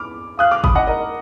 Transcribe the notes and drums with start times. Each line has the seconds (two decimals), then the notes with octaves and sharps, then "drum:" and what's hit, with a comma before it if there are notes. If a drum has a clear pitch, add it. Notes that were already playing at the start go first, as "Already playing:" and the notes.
Already playing: B5 D6 F6
0.39 F5 D#6 F#6
0.51 D6 F6
0.64 B5 D#6, drum: kick
0.75 D#5 F#5
0.87 A#4 D#5